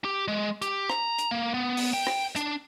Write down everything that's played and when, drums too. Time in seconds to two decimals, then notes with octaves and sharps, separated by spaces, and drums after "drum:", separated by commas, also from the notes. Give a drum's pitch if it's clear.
0.05 G4
0.28 G#3
0.62 G4, drum: hi-hat
0.90 A#5, drum: rim click
1.18 drum: hi-hat
1.31 A#3
1.54 B3
1.77 drum: open hi-hat
1.94 G5
2.07 drum: rim click
2.36 D4, drum: hi-hat